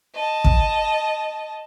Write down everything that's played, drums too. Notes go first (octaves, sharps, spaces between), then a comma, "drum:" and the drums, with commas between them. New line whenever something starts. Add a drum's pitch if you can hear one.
D#5 A5
drum: kick